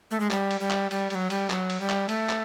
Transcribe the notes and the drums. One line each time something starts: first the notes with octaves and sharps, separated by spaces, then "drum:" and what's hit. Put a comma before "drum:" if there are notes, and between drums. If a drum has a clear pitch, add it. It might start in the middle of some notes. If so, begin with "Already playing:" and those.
A3
G#3
G3, drum: clap
drum: cymbal
G3
drum: clap
G3, drum: cymbal
G3, drum: cymbal
F#3
G3, drum: cymbal
F#3, drum: clap
drum: cymbal
G3
drum: clap
A3, drum: cymbal
drum: clap